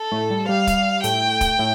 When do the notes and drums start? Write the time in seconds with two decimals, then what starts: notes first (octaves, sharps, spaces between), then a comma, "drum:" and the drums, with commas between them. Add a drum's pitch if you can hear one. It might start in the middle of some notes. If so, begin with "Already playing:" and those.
Already playing: A4
0.12 A2 A3
0.30 G3
0.48 G3 F5
0.67 drum: kick, hi-hat
1.04 A2 A3 G5, drum: hi-hat
1.41 drum: kick, hi-hat
1.59 A2 A3